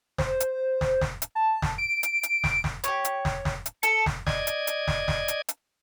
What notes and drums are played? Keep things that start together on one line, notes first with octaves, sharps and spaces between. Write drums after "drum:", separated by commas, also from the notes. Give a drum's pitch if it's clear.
C5, drum: snare
drum: hi-hat
drum: snare
drum: snare
drum: hi-hat
A5
drum: snare
D7
drum: hi-hat
drum: hi-hat
drum: snare
drum: snare
G4 C#5, drum: hi-hat
drum: hi-hat
drum: snare
drum: snare
drum: hi-hat
A4 C#7, drum: hi-hat
drum: snare
D5 D#5 G#6, drum: snare
drum: hi-hat
drum: hi-hat
drum: snare
drum: snare
drum: hi-hat
drum: hi-hat